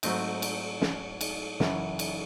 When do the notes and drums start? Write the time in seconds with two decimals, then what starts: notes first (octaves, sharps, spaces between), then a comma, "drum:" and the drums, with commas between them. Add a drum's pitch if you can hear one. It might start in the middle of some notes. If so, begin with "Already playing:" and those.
0.03 G#2 F#3 A3 C4 D#4, drum: cymbal
0.42 drum: cymbal
0.81 drum: snare
1.21 drum: cymbal
1.60 F#2 C#3 E3, drum: snare
1.99 drum: cymbal